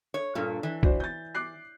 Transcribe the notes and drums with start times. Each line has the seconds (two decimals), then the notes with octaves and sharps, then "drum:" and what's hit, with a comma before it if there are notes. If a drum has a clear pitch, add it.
0.14 C#5
0.35 G2 A#2 A4
0.63 E3
0.83 D4 F#4 C5, drum: kick
1.00 G6 A6
1.35 D6 F#6 C7